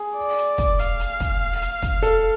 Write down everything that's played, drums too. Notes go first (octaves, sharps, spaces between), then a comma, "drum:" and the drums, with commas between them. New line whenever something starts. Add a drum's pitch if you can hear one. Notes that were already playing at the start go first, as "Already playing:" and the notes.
Already playing: G#4
D5
drum: hi-hat
drum: kick, hi-hat
F5, drum: hi-hat
drum: hi-hat
drum: kick, hi-hat
drum: hi-hat
drum: kick, hi-hat
A4, drum: hi-hat